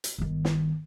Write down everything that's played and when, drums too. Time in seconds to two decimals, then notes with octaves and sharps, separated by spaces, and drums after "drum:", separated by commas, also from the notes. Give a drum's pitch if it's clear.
0.04 drum: hi-hat
0.18 G1 D#3
0.45 drum: snare